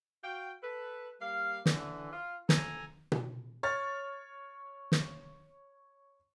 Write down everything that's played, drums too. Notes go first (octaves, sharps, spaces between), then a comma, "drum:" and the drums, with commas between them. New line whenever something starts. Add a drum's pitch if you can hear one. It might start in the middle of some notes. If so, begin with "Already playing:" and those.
F#4 F5 G5
A4 B4
G3 A#3 F5
D3 E3, drum: snare
F4
F3 A4 G#5 A#5, drum: snare
drum: tom B2
C#5 F6 A6
drum: snare